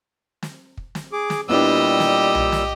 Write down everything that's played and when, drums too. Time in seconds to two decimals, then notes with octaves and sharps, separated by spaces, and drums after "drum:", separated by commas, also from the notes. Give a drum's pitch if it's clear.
0.43 drum: snare
0.77 drum: kick
0.95 drum: snare
1.12 G#4 D6
1.30 drum: snare
1.49 A#2 G3 B3 D4 E4 G4 D#5 E6
2.00 drum: snare
2.35 drum: tom B1
2.52 drum: snare